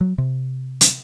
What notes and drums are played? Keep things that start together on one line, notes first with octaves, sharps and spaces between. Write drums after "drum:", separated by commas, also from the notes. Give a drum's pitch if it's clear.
F#3
C3
drum: hi-hat